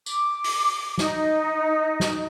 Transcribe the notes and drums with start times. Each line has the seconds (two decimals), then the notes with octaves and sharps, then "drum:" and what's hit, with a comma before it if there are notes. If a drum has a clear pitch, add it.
0.06 D6, drum: tambourine
0.44 drum: open hi-hat
0.98 D#4, drum: snare
2.00 drum: snare